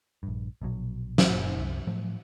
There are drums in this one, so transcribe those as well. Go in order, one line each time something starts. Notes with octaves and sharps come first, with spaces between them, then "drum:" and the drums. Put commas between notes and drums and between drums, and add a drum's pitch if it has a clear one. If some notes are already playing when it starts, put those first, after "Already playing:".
A#1 G2
A#1 B2 F#3
drum: snare
F#1 A#2
C2 F#2
A2 F3 F#3 A3